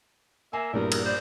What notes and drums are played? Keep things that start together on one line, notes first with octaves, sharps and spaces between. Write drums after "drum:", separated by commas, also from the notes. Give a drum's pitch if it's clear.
A#3 E5 G#5
A#1 E2 G2 A#4
drum: cymbal
B3 C5 D5